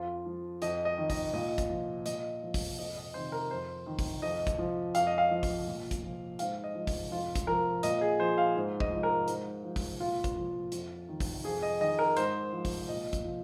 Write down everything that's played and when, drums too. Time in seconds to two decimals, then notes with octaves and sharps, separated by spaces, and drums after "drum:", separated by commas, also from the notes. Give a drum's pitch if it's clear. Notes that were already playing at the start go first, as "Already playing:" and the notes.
Already playing: F2 F4
0.26 F3
0.62 F2 D#5, drum: hi-hat
0.85 D#5
0.98 D#3
1.10 D#5, drum: kick, open hi-hat
1.33 A#2 D#5
1.58 drum: kick, hi-hat
1.70 F3
2.06 A#2 D#5, drum: hi-hat
2.43 F3
2.54 drum: kick, open hi-hat
2.78 F2 D#5
2.97 D#5
3.14 C3 D#3 C5
3.32 A#4
3.51 F2 C5
3.86 D#3
3.99 drum: kick, open hi-hat
4.22 F2 D#5
4.47 drum: kick, hi-hat
4.58 F3
4.95 F2 F5, drum: hi-hat
5.07 D#5
5.18 F5
5.31 F3
5.43 drum: kick, open hi-hat
5.67 A#2
5.91 drum: kick, hi-hat
6.03 F3
6.39 G#2 F5, drum: hi-hat
6.64 D#5
6.75 F3
6.87 drum: kick, open hi-hat
7.11 F2 F4
7.35 drum: kick, hi-hat
7.47 F3 A#4
7.83 A#2 D#5, drum: hi-hat
8.01 G#4
8.20 F3 C5
8.38 F5
8.55 G#2
8.80 D#5, drum: kick
8.92 F3
9.03 A#4
9.28 G#2, drum: hi-hat
9.64 F3
9.76 drum: kick, open hi-hat
10.00 A#2 F4
10.24 drum: kick, hi-hat
10.36 F3
10.72 F2, drum: hi-hat
11.08 D#3
11.20 drum: kick, open hi-hat
11.44 F2 G#4
11.63 D#5
11.81 D#3 D#5
11.99 A#4
12.17 G#2 C5, drum: hi-hat
12.53 F3
12.65 drum: kick, open hi-hat
12.89 A#2 D#5
13.13 drum: kick, hi-hat
13.25 F3